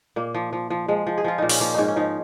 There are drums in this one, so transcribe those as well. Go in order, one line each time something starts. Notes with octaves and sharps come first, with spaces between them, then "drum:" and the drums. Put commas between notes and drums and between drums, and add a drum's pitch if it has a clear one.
A#2 A#3
F3
F3
F3
F3 G#3
F3
G#4
F3 F4
A#2 D#4
C#4, drum: open hi-hat
F3 A#3
G#2 C#4 D#4
C#4
F3 D#4